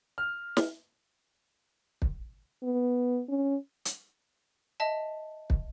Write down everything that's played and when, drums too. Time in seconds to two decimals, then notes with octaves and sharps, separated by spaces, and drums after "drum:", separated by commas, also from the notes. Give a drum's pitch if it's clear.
0.18 F6
0.57 drum: snare
2.02 drum: kick
2.63 B3
3.29 C#4
3.85 drum: hi-hat
4.80 D#5 E5 A5
5.50 drum: kick